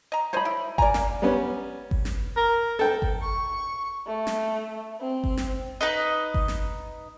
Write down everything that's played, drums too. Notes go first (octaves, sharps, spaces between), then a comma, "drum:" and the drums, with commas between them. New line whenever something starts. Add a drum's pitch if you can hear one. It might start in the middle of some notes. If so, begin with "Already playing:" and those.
D#5 A#5
D#4 C5 C#5 D#5 B5
E4
A#4 D5 G#5 A#5, drum: kick G1
A#3, drum: snare
G3 B3 C#4
drum: kick G1
drum: snare
A#4
A4 G5
drum: kick G1
C#6
A3
drum: snare
C4
drum: kick G1
drum: snare
D#4 B4 D#5
drum: kick G1
drum: snare